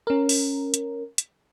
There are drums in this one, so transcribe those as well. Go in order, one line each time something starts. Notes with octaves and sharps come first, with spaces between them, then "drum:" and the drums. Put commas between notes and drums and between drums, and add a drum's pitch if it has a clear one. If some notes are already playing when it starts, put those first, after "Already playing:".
C#4 A#4
drum: open hi-hat
drum: hi-hat
drum: hi-hat